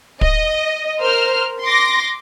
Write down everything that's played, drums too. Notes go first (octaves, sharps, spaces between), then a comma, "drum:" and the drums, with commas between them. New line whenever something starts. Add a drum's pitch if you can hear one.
D#5, drum: kick
A#4 C5 F6
C6 D6 A#6